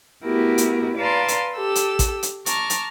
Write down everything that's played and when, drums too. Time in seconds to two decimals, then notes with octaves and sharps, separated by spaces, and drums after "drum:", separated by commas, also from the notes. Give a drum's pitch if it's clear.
0.24 A3 B3 E4 F#4 G4 A#4
0.58 drum: hi-hat
0.96 B4 D5 F5 A5 A#5 C6
1.28 drum: hi-hat
1.55 G4 A4 E6
1.75 drum: hi-hat
1.99 drum: kick A1, hi-hat
2.23 drum: hi-hat
2.46 A5 A#5 C#6 D6 F6, drum: hi-hat
2.70 drum: hi-hat